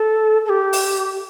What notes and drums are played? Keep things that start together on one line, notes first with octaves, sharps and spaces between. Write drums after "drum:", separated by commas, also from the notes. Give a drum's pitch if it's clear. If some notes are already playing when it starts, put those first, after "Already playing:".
Already playing: A4
A4
G4
drum: open hi-hat